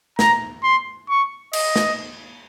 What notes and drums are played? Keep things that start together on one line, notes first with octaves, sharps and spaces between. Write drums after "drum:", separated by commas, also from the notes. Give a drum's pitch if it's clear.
A#5, drum: snare
C6
C#6
D#5, drum: cymbal
drum: snare